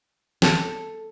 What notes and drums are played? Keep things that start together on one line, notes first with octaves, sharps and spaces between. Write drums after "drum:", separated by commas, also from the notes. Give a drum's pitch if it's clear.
A4, drum: snare